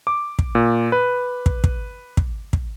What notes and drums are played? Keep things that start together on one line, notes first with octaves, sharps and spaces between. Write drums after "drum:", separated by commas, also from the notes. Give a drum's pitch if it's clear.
D6
drum: kick
A#2
B4
drum: kick
drum: kick
drum: kick
drum: kick